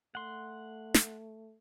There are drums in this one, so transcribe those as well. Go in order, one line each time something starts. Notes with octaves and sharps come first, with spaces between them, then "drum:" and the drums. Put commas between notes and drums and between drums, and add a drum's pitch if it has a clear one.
A3 F#5 C6
drum: snare